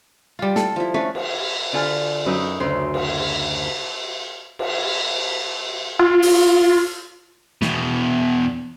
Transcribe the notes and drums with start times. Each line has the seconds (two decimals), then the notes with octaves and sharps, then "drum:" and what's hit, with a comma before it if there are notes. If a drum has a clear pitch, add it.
0.39 G3 F4
0.56 A4, drum: snare
0.76 F3 E4
0.94 A3 C#4 D4 B4
1.15 drum: cymbal
1.73 D3 F4 A4 G#5 F6
2.26 F#2 F#3 C#4 D#4 B4 E5
2.60 D2 C#3 C6
2.94 drum: cymbal
4.59 drum: cymbal
5.99 F4
6.22 drum: open hi-hat
7.62 E2 B2, drum: snare